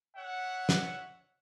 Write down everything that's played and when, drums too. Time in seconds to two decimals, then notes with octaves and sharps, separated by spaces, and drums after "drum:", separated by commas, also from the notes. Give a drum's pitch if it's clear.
0.16 C#5 E5 F#5
0.69 drum: snare